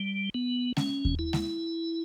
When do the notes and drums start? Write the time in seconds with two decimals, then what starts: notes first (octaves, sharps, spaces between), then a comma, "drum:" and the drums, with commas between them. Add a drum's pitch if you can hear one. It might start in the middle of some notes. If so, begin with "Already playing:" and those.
Already playing: G3
0.34 B3
0.77 C#4, drum: snare G#3
1.05 drum: kick D#2
1.19 E4
1.33 drum: snare G#3